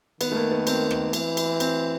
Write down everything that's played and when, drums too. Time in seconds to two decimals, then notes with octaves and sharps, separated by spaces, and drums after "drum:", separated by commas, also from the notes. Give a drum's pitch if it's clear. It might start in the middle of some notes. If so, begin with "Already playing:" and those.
0.21 D#3 B3, drum: cymbal
0.32 A3
0.36 A#3
0.51 B3
0.67 C4, drum: cymbal
0.91 drum: rim click
1.13 E3, drum: cymbal
1.37 drum: cymbal
1.60 C4, drum: cymbal